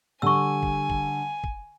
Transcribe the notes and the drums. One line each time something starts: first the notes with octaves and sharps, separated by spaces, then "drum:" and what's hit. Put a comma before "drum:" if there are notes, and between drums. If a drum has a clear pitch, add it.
D3 G3 G#5 C#6 E6
drum: kick
drum: kick
drum: kick